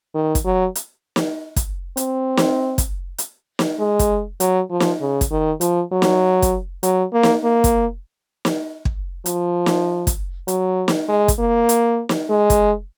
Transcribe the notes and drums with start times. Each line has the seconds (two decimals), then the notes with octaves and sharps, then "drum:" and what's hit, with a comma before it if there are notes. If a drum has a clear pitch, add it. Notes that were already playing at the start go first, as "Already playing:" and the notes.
0.15 D#3
0.35 drum: kick, hi-hat
0.45 F#3
0.75 drum: hi-hat
1.16 drum: snare
1.56 drum: kick, hi-hat
1.97 C4, drum: hi-hat
2.37 drum: snare
2.78 drum: kick, hi-hat
3.18 drum: hi-hat
3.59 drum: snare
3.79 G#3
3.99 drum: kick, hi-hat
4.40 F#3, drum: hi-hat
4.70 F3
4.80 drum: snare
5.01 C#3
5.21 drum: kick, hi-hat
5.31 D#3
5.61 F3, drum: hi-hat
5.92 F#3
6.02 drum: snare
6.42 drum: kick, hi-hat
6.83 F#3, drum: hi-hat
7.13 A#3
7.23 drum: snare
7.44 A#3
7.64 drum: kick, hi-hat
8.45 drum: snare
8.85 drum: kick
9.26 F3, drum: hi-hat
9.66 drum: snare
10.07 drum: kick, hi-hat
10.48 F#3, drum: hi-hat
10.88 drum: snare
11.08 G#3
11.28 drum: kick, hi-hat
11.39 A#3
11.69 drum: hi-hat
12.09 drum: snare
12.30 G#3
12.50 drum: kick, hi-hat